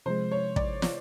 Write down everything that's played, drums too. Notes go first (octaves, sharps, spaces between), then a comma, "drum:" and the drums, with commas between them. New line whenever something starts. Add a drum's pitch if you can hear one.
C3 F3 G#3 C5
C#5
D5, drum: kick
drum: snare